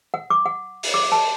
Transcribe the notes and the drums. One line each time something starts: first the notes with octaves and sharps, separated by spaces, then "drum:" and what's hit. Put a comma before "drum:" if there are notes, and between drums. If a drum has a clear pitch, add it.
F#5
D6
F#5
drum: open hi-hat
D6
A5